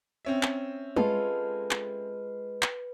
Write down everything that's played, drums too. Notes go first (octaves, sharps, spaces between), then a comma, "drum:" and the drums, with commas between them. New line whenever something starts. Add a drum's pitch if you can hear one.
C4 C#4 E5
drum: clap
G#3 F4 A4 B4, drum: tom
drum: clap
drum: clap